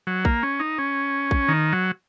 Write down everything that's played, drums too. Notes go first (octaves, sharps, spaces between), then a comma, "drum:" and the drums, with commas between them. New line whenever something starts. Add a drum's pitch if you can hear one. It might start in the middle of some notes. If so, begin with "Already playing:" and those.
F#3
A#3, drum: kick
C#4
D#4
C#4
drum: kick
D#3
F#3